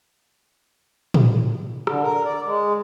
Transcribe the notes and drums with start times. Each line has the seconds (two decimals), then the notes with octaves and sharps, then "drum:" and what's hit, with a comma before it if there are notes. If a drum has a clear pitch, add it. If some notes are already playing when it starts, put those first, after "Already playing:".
1.14 drum: tom
1.87 D3, drum: rim click
2.03 A#4
2.25 D5
2.47 G#3